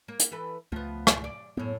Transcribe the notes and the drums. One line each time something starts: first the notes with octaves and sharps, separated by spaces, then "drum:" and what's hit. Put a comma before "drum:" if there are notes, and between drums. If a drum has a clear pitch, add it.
A#3
drum: hi-hat
E3 A4 B4
C#2 F3 A3 B3
drum: rim click
D5
F#2 A2 B3